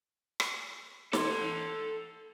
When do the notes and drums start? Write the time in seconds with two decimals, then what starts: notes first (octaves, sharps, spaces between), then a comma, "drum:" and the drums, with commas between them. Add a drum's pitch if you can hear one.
0.40 drum: rim click
1.13 A4 C6, drum: snare